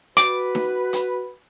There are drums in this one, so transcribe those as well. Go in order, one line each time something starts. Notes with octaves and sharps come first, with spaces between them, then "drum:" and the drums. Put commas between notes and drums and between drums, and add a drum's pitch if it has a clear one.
F#4 B4 D6, drum: hi-hat
drum: snare D#4
drum: hi-hat